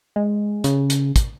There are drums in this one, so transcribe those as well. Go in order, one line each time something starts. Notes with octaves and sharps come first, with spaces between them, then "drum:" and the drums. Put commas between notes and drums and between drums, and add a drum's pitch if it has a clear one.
G#3
C#3, drum: hi-hat
drum: hi-hat
drum: kick, hi-hat